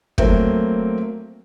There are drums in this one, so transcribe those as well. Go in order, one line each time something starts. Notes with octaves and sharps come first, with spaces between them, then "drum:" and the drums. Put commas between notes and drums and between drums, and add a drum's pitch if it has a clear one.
F#3 A3 A#3 C4, drum: kick